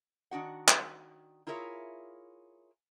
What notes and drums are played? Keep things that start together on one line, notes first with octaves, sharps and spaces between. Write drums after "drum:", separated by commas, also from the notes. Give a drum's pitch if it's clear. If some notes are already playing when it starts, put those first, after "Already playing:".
D#3 D4 F#4 F#5
drum: clap
E4 F4 G#4 A#4 C#5 E5